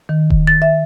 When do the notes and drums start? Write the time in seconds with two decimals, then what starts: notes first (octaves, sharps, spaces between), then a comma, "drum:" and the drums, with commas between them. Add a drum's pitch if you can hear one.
0.09 D#3
0.30 drum: kick D#1
0.47 A6
0.62 E5